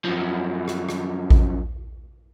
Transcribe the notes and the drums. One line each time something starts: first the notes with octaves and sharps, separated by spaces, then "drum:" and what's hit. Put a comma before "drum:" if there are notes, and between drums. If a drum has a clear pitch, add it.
F#2 F3
drum: rim click
drum: rim click
drum: kick A1